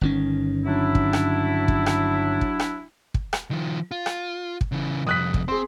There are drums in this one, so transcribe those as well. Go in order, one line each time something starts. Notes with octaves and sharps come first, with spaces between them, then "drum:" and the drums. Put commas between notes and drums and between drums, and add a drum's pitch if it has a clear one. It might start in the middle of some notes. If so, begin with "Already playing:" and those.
G1 D#3 C#4
F#3 D4 E4
drum: kick
drum: rim click
drum: kick
drum: rim click
drum: kick
drum: rim click
drum: kick
drum: rim click
D#3 F3
F4
drum: rim click
drum: kick
C#3 E3
C2 F2 D#6 F#6 B6
drum: kick
C4 G#4 C6